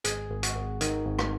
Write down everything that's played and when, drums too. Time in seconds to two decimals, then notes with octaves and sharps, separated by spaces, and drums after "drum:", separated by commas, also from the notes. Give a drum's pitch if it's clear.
0.04 G#1 G#4, drum: hi-hat
0.30 G#1
0.43 F#4, drum: hi-hat
0.55 G#1
0.81 D#3, drum: hi-hat
1.06 G#1
1.19 drum: rim click